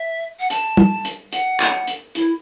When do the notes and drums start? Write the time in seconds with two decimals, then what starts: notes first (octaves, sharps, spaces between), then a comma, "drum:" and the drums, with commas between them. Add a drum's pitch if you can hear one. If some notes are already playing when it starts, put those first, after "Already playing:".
Already playing: E5
0.40 F#5
0.50 A5, drum: hi-hat
0.77 drum: tom
1.05 drum: hi-hat
1.33 F#5, drum: hi-hat
1.60 drum: clap
1.87 drum: hi-hat
2.15 E4, drum: hi-hat